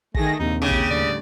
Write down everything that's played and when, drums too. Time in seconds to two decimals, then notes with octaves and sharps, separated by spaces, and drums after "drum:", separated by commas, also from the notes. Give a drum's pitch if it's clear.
0.14 D#3 A3 G#4 G#5 A#6, drum: kick
0.39 A#1 D#2 C3 D#4 A#5
0.62 C#3 G4
0.71 drum: kick
0.90 A2 D3 G3 D5